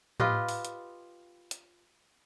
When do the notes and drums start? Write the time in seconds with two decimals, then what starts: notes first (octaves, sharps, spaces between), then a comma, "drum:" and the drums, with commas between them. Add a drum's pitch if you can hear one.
0.20 F4 G4 B4 D#5, drum: tom A2
0.49 drum: open hi-hat
0.65 drum: hi-hat
1.51 drum: hi-hat